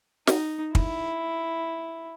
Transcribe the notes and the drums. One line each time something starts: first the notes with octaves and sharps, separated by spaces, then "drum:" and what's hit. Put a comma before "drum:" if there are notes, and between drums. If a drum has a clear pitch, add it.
D#4, drum: snare
E4, drum: kick